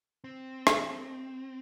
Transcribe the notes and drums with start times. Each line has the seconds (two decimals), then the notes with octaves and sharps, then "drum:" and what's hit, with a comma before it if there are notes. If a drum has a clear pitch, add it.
0.24 C4
0.67 drum: rim click